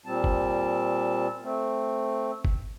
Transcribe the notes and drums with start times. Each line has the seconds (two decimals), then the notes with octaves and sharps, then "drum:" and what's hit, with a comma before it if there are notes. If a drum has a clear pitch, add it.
0.06 A#2 G3 C4 A5
0.24 drum: kick
1.43 A3 C4
2.45 drum: kick